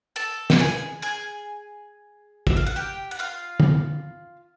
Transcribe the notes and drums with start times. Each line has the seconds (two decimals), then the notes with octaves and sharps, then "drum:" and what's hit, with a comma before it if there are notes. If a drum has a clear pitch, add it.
0.16 A4 A5
0.50 G5, drum: snare
0.59 G#4 G#5
1.02 G#4 G#5
2.47 E5, drum: kick
2.57 F5
2.66 F#5
2.76 G4 G5
3.11 F#5
3.19 F4 F5
3.60 drum: tom